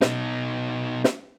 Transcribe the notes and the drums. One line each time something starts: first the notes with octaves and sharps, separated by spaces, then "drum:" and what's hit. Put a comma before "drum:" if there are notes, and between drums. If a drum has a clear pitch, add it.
B2 D#4, drum: snare
drum: snare